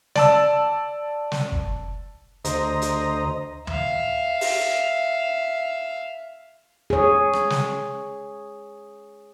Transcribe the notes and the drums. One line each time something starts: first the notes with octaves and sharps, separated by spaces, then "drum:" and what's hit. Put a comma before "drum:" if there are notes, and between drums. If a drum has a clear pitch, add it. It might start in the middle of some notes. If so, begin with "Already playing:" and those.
D5 A5 E6, drum: snare
drum: snare
drum: kick
D2 C5 D#5 A#5, drum: hi-hat
drum: hi-hat
E5 F5, drum: tom
drum: open hi-hat
G#4 C#5
drum: rim click
drum: snare